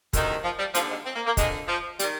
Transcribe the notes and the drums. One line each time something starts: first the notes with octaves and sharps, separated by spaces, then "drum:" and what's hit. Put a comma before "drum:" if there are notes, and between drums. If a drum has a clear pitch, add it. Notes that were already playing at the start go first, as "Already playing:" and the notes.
D2 C3 D#3, drum: kick, hi-hat
F3
F3
G3
D#2 D3 F3, drum: hi-hat
G#3
C4
A#3
A#3
F2 D3 G#3, drum: kick, hi-hat
F3
G3, drum: hi-hat
D#3